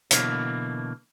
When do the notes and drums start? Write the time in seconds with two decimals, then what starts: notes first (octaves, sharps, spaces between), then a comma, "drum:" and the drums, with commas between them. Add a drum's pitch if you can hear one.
0.11 B2 D3 E3 F#3 A#3, drum: hi-hat